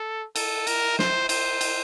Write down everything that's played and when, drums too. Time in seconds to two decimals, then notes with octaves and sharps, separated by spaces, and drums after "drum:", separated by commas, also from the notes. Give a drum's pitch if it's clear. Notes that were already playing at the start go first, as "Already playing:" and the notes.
Already playing: A4
0.36 A4, drum: cymbal
0.67 A#4, drum: cymbal
0.99 C5, drum: snare
1.29 C5, drum: cymbal
1.61 drum: cymbal